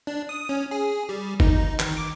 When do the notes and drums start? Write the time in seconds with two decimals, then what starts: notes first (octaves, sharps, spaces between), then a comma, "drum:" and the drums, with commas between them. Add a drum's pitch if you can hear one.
0.07 D4
0.29 D#6
0.49 C#4
0.71 G#4
1.09 G3
1.40 D#4, drum: kick G1
1.79 D#3, drum: clap
1.97 D6